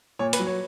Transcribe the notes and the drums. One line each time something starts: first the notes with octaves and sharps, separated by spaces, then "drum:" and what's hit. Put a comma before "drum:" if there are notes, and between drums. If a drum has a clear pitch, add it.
A#2 C#5
B4, drum: hi-hat
F#3
C#5